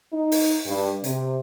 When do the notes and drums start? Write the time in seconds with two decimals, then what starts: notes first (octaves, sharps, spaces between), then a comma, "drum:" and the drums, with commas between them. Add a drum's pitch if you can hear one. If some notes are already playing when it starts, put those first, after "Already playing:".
0.13 D#4
0.32 drum: open hi-hat
0.66 G2
1.04 C3, drum: hi-hat